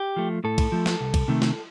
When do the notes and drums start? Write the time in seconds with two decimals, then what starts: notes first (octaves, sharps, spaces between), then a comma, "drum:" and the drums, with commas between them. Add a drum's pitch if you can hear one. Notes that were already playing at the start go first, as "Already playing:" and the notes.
Already playing: G4
0.16 F3 A3
0.44 A2 A4
0.58 drum: kick, cymbal
0.72 F3 A3
0.86 drum: snare
1.00 C2
1.14 drum: kick, cymbal
1.28 C3 D#3 A3
1.42 drum: snare